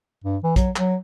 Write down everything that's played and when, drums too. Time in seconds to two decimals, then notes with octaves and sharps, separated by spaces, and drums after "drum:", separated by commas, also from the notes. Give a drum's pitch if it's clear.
0.24 G2
0.43 E3
0.56 F#3, drum: kick A#1, hi-hat
0.76 F#3, drum: clap